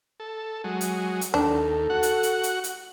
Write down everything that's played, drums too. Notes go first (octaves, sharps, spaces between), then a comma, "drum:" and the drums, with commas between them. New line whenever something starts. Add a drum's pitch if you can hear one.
A4
F#3 G#3
drum: hi-hat
drum: hi-hat
D#2 D4 A4
F#4 F#5
drum: hi-hat
drum: hi-hat
drum: hi-hat
drum: hi-hat